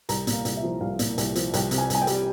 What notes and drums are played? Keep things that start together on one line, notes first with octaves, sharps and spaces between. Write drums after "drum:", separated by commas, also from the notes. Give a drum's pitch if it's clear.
C2 A#5, drum: hi-hat
A#2, drum: hi-hat
F5
C2, drum: hi-hat
E5
F3
C2 F5
A#2, drum: hi-hat
C2, drum: hi-hat
F3, drum: hi-hat
C2 G5, drum: hi-hat
C3, drum: hi-hat
G#5
C2 G#5, drum: hi-hat
G5
G3, drum: hi-hat